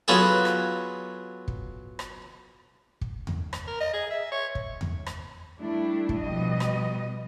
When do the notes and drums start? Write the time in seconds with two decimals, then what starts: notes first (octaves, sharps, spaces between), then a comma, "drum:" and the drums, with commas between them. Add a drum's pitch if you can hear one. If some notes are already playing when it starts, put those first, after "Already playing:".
0.08 F#3 B3 F4 G#4 A4
0.45 drum: rim click
1.48 drum: kick
1.99 drum: rim click
3.01 drum: kick
3.27 drum: tom E2
3.53 drum: rim click
3.67 A#4
3.80 D#5
3.93 G#4
4.10 E5
4.32 C#5
4.55 drum: kick
4.81 drum: tom E2
5.06 drum: rim click
5.58 G3 A3 D4 E4
6.09 drum: kick
6.19 B2 F3 G3 D#5
6.60 drum: rim click